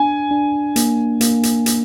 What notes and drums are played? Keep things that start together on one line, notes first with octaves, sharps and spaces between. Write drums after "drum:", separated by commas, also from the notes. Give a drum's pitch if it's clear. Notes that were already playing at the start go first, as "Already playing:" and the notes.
Already playing: D4 G#5
D4
A#3, drum: hi-hat
A#3, drum: hi-hat
drum: hi-hat
drum: hi-hat